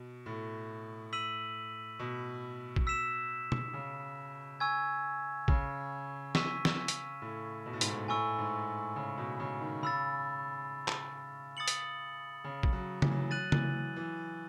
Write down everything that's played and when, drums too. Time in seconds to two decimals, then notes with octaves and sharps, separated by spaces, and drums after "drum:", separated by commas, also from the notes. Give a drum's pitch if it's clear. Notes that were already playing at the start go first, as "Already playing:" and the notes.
Already playing: B2
0.26 A2
1.13 E6 B6 D#7 F#7
1.99 B2
2.76 drum: kick A1
2.87 E6 B6 E7
3.52 drum: tom
3.73 C#3
4.60 G#5 C#6 E6 G#6
5.48 C#3, drum: kick A1
6.35 C#6 E6 B6 D#7, drum: snare
6.65 drum: snare
6.88 drum: hi-hat
7.22 A2
7.66 B2
7.73 A2
7.81 G#2, drum: hi-hat
7.90 A2
8.08 A2 G#5 C#6 E6
8.38 G#2
8.96 C#3
9.18 B2
9.40 C#3
9.61 D#3
9.83 C#3 B5 E6 A6
10.88 drum: clap
11.57 D#6 A6 C#7 F#7
11.68 drum: hi-hat
12.44 C#3
12.63 drum: kick A1
12.73 F#3
13.02 E3, drum: tom C#3
13.11 F#3
13.20 E3
13.31 F#3 F#6 A6 D#7 F#7
13.52 E3, drum: tom C#3
13.96 E3